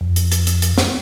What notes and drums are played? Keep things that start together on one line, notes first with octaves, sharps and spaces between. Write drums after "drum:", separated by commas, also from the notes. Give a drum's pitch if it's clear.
F2
drum: hi-hat
drum: hi-hat
drum: hi-hat
drum: hi-hat
drum: snare